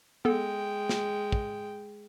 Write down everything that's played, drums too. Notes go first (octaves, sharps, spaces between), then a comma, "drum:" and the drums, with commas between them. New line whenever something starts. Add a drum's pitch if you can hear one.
G#3 B3 A4 G5
drum: snare
drum: kick